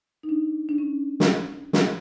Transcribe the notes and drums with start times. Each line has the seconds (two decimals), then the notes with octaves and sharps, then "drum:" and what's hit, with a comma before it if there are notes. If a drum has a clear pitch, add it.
0.23 D#4
0.29 D4
0.69 D4
0.78 C#4
1.20 drum: snare
1.73 drum: snare